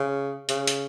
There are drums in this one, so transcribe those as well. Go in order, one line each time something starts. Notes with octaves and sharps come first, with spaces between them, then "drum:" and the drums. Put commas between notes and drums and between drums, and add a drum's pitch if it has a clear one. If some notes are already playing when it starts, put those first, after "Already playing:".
Already playing: C#3
C#3, drum: hi-hat
drum: hi-hat